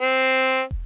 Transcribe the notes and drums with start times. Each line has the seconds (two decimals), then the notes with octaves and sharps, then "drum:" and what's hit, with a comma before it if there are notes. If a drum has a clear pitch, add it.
0.01 C4
0.71 drum: kick